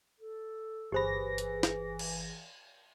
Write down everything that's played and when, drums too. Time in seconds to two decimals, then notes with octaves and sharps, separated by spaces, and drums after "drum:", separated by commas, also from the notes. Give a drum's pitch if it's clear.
0.19 A4
0.92 G1 E3 G4 G#4 C5 B5 A#6
1.38 drum: hi-hat
1.63 drum: snare
1.99 drum: cymbal